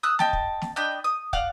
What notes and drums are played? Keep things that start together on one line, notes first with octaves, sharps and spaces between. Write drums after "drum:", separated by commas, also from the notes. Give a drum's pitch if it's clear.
D#6 E6 F#6
D#5 G5 A5, drum: snare
drum: kick
drum: snare
D4 D#5 G5 B5
D#6
D5 F5 F#5, drum: kick